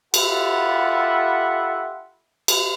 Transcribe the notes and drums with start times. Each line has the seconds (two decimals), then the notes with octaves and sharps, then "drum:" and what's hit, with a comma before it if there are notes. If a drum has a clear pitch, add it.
0.14 F4 G4 A4 E5 F#5 B5, drum: cymbal
2.48 drum: cymbal